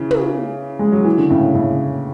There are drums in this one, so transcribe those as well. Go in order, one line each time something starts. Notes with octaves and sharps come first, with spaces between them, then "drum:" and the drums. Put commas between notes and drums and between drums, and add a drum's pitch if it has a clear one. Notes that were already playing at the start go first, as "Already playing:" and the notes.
Already playing: C#3 E3
drum: tom
G#3
F#3
E3
D3
A2 C#3
A2 C#3